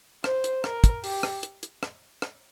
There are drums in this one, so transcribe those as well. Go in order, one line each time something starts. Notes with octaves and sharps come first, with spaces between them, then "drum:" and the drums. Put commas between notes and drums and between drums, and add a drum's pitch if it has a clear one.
C5, drum: rim click
drum: hi-hat
A#4, drum: rim click
drum: kick, hi-hat
G4, drum: open hi-hat
drum: rim click
drum: hi-hat
drum: hi-hat
drum: rim click
drum: rim click